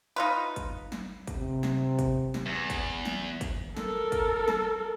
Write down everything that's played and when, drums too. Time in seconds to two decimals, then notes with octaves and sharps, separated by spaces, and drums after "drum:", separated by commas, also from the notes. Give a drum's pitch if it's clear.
0.16 D#4 F4 B4
0.56 drum: kick, hi-hat
0.92 drum: snare
1.27 drum: kick, hi-hat
1.37 C3
1.63 drum: snare
1.99 drum: kick, hi-hat
2.34 drum: snare
2.46 E2
2.70 drum: kick, hi-hat
3.05 drum: snare
3.41 drum: kick, hi-hat
3.77 A4 A#4, drum: snare
4.12 drum: kick, hi-hat
4.48 drum: snare